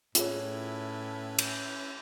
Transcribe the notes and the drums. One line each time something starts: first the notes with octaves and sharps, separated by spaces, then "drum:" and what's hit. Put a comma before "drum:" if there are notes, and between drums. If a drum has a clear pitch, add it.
A2 C#4 F4 G#4 B4 C#5 E5, drum: hi-hat
drum: cymbal